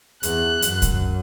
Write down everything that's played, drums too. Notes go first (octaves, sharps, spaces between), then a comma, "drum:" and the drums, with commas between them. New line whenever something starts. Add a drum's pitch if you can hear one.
E2 F#6, drum: hi-hat
F#2, drum: hi-hat
drum: kick C2, hi-hat